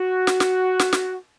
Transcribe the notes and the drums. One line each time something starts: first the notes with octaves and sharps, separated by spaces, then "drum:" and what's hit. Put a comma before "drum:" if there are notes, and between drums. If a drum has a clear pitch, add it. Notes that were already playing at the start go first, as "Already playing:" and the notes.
Already playing: F#4
drum: snare
drum: snare
drum: snare
drum: snare